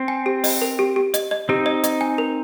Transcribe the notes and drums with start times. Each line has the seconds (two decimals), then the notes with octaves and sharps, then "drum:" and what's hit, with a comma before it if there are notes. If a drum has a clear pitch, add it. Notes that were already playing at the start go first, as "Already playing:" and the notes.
Already playing: C4
0.08 G#5
0.26 G4
0.44 D#5, drum: open hi-hat
0.61 A#4
0.79 G4
0.96 G4
1.14 D#5, drum: hi-hat
1.31 D#5
1.49 C4 D#4 G4
1.66 D#5
1.84 D#5, drum: hi-hat
2.01 G#5
2.18 A#4